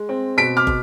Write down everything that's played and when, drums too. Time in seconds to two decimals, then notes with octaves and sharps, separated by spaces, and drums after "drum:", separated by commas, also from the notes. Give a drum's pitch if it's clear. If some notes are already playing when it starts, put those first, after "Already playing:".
Already playing: G#3
0.09 C4
0.37 B2 B6 D7
0.57 D6 F6
0.67 B2, drum: kick